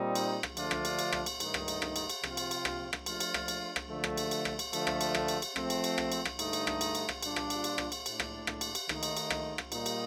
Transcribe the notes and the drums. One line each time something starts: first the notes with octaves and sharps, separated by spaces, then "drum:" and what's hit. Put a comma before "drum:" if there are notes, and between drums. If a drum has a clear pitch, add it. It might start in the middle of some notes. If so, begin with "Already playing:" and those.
Already playing: A#2 G3 C4 D#4
drum: cymbal
drum: rim click
D3 F3 A3 D4 F4, drum: cymbal
drum: rim click
drum: cymbal
drum: cymbal
drum: rim click
drum: cymbal
G2 D#3 A3 D#4, drum: cymbal
drum: rim click
drum: cymbal
drum: rim click
drum: cymbal
drum: cymbal
C3 F3 C4 F4, drum: rim click
drum: cymbal
drum: cymbal
drum: rim click
drum: rim click
F3 A3 D4 F4, drum: cymbal
drum: cymbal
drum: rim click
drum: cymbal
drum: rim click
D3 F3 A3
drum: rim click
drum: cymbal
drum: cymbal
drum: rim click
drum: cymbal
D3 F3 A3, drum: cymbal
drum: rim click
drum: cymbal
drum: rim click
drum: cymbal
drum: cymbal
F3 A3 C4, drum: rim click
drum: cymbal
drum: cymbal
drum: rim click
drum: cymbal
drum: rim click
G2 D3 A3 D#4, drum: cymbal
drum: cymbal
drum: rim click
drum: cymbal
drum: cymbal
drum: rim click
A#2 G3 D4 F4, drum: cymbal
drum: rim click
drum: cymbal
drum: cymbal
drum: rim click
drum: cymbal
A2 A3 D4, drum: cymbal
drum: rim click
drum: rim click
drum: cymbal
drum: cymbal
D#3 A3 D#4, drum: rim click
drum: cymbal
drum: cymbal
drum: rim click
drum: rim click
A#2 G3 A#3 D#4, drum: cymbal
drum: cymbal